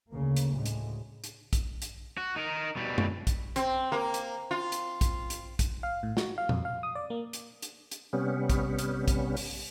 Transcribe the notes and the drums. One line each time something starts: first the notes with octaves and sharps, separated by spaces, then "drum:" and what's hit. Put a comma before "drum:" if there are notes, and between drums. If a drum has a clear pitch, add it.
D2 C#3 A#3
drum: hi-hat
D2 A2 C#3 G#3
drum: hi-hat
drum: hi-hat
drum: kick, hi-hat
drum: hi-hat
F#4
D#4 A#4
B2 G3
drum: tom F#2
drum: kick, hi-hat
C4, drum: hi-hat
A#3
drum: hi-hat
F4
drum: hi-hat
drum: kick, hi-hat
drum: hi-hat
drum: kick, hi-hat
F5
A2
F#4, drum: snare
F5
F2, drum: tom A#2
F5
D#6
D5
A#3
drum: hi-hat
drum: hi-hat
drum: hi-hat
C3 G3 B3 C#4
drum: kick, hi-hat
drum: hi-hat
drum: kick, hi-hat
drum: open hi-hat